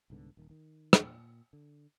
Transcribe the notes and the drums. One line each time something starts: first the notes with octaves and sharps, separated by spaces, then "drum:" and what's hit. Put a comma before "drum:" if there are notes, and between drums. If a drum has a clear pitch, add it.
C2 G#2 D3 B3
D#1 D#3
D#3
drum: rim click
A#2
D3